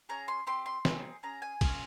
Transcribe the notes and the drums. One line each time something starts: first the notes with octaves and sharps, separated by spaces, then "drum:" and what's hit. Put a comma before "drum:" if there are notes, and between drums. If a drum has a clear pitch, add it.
C#4 G#4 A#5
C6
C4 G4 C6
C6
C4 D#4 G#4, drum: snare
C#4 G#4 A#5
G#5
A#3 C#4 F4 G#4, drum: kick, cymbal